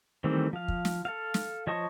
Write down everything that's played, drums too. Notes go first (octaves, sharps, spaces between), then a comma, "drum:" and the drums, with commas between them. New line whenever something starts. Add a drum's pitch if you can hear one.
D#3 E3 G3 A3 C4
F3 F5
drum: kick
drum: snare
A4 F5
drum: snare
F3 C#5 D#5 A5 C#6